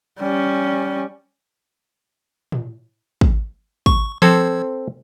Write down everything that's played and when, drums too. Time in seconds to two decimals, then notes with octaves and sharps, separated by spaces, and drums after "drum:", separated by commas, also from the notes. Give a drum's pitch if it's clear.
0.20 G3 C#4
2.52 drum: tom A2
3.21 drum: kick
3.86 C#6, drum: kick
4.22 F3 C4 A4 C5 E6 G#6